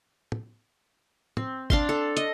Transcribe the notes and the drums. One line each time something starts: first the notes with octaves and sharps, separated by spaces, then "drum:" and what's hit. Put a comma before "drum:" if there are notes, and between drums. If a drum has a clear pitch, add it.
drum: tom
C4, drum: tom
D4 F5 C6, drum: kick G#1
A4
D#5, drum: hi-hat